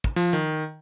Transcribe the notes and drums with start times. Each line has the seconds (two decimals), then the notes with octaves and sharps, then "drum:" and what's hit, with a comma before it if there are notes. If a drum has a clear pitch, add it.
0.04 drum: kick
0.16 F3
0.33 D#3